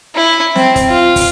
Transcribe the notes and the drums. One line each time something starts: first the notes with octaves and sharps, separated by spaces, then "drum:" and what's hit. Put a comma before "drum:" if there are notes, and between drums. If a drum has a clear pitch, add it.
E4
C4, drum: snare
drum: kick, hi-hat
F4
drum: kick, open hi-hat